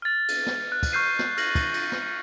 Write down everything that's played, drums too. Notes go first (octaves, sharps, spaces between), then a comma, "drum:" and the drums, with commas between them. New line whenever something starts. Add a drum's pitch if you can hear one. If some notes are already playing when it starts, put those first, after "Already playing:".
F6 A6
drum: cymbal
drum: snare
F#6
drum: kick, cymbal
C#6 F6 G6 C7 D#7
drum: snare
F6 A#6 F#7, drum: cymbal
drum: kick, cymbal
drum: cymbal
drum: snare